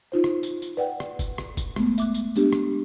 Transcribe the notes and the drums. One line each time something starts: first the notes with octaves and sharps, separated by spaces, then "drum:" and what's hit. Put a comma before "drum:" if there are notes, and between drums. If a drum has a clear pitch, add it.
D#4 F4 C5
drum: rim click
drum: tambourine
drum: tambourine
B4 D5 F#5 G5
drum: rim click
drum: kick F#1, tambourine
drum: rim click
drum: kick F#1, tambourine
G#3 A3 B3, drum: rim click
E5 D6 F#6, drum: tambourine
drum: tambourine
G#3 B3 D4 G4, drum: tambourine
drum: rim click